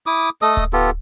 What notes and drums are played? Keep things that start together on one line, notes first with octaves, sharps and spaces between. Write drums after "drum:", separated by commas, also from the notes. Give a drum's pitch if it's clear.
E4 D6 D#6
A3 A4 D#5 D#6
drum: kick D1
B3 F4 G4 A4